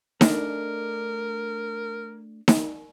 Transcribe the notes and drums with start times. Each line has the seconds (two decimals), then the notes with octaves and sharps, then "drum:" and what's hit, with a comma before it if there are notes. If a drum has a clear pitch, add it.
0.21 A3 D4 A#4 D#5, drum: snare D#4
2.48 drum: snare D#4